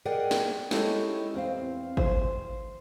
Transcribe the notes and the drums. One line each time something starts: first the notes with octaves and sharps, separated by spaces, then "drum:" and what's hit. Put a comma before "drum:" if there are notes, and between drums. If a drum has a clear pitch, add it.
G#4 A#4 D5 D#5 F#5 G5
drum: snare
G#3 C#4 D#4 E4 G4 A4, drum: snare
E2 C4 F5
C5, drum: kick G#1